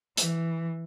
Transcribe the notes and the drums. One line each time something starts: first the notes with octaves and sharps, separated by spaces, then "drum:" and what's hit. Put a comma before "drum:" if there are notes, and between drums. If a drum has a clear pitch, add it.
E3, drum: hi-hat